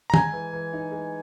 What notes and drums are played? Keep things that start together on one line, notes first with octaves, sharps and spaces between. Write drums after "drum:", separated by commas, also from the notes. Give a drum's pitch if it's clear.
A#5
G#3 G#5, drum: tom
E3
E3
D#4
G#3